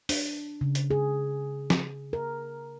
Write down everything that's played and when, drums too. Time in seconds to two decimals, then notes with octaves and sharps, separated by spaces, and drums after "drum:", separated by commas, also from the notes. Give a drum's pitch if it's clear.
0.09 D4, drum: open hi-hat
0.61 C#3
0.75 drum: hi-hat
0.91 G#4
1.70 drum: snare
2.13 A#4